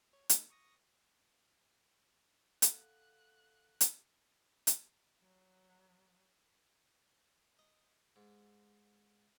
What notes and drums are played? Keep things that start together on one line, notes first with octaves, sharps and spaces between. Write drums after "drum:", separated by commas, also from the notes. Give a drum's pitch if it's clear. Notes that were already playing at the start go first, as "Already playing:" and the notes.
C#5
A3 D#4, drum: hi-hat
C#6 D#6 A#6
A4 F5 F#5 F#6, drum: hi-hat
drum: hi-hat
drum: hi-hat
F#3
D#5
G#2